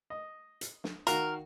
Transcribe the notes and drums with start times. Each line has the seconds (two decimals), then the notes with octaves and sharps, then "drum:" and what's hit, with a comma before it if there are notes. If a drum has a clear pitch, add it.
0.10 D#5
0.61 drum: hi-hat
0.84 drum: snare
1.07 D#3 F#4 A#4 F5, drum: hi-hat